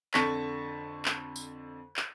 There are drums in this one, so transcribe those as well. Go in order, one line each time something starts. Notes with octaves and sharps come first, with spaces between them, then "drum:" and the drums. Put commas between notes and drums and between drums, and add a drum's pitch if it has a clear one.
F2 D3 A5 C#6 A#6 B6, drum: clap
drum: clap
drum: tambourine
drum: clap